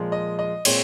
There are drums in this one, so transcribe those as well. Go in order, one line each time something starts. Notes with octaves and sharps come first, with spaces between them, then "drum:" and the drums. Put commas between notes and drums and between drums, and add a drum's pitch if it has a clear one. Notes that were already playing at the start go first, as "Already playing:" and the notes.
Already playing: A#2 F3 G#3
D#5
D#5
A#2 G#3 C4 C#5, drum: cymbal